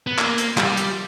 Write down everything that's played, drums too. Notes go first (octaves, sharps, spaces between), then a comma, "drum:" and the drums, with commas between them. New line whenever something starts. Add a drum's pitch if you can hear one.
B3
A#3, drum: clap
drum: hi-hat
G3, drum: clap
drum: hi-hat